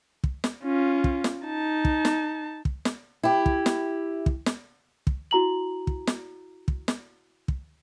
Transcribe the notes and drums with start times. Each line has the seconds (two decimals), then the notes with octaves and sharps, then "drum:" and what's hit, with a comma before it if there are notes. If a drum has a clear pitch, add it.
0.24 drum: kick
0.44 drum: snare
0.64 C#4 F4
1.04 drum: kick
1.24 drum: snare
1.45 D#4 A5
1.85 drum: kick
2.05 drum: snare
2.65 drum: kick
2.85 drum: snare
3.23 E4 G4
3.46 drum: kick
3.66 drum: snare
4.26 drum: kick
4.46 drum: snare
5.07 drum: kick
5.31 E4 F#4 A#5 F#7
5.87 drum: kick
6.07 drum: snare
6.68 drum: kick
6.88 drum: snare
7.48 drum: kick